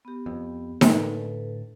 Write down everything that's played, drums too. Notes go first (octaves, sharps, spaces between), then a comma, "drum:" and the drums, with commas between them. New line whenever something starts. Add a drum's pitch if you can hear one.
B3 G4
F2
A2 D3 A4 B4, drum: snare D#4